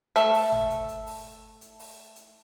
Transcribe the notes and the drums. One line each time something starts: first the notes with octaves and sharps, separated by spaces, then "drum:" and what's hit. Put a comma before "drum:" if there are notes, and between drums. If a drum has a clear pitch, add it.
A3 A4 E5, drum: hi-hat
drum: open hi-hat
drum: tom G1
drum: hi-hat
drum: hi-hat
drum: open hi-hat
drum: hi-hat
drum: open hi-hat
drum: hi-hat